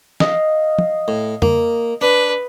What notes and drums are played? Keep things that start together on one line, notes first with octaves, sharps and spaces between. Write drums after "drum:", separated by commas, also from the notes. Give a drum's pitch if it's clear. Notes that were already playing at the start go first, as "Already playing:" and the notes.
D#5 F5, drum: snare
drum: tom
A2
A#3, drum: tom
D4 B4